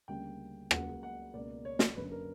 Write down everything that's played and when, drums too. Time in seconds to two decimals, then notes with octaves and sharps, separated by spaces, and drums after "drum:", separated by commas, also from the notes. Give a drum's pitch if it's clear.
0.08 D2 C#3 G3 A#3 G5
0.71 C#2 C#3 F#3 A#3 F#5, drum: rim click
1.03 F#5
1.34 C#2 B2 A#3 D5
1.65 C#5
1.79 drum: snare
1.96 F#2 D3 A#3 B4
2.12 A#4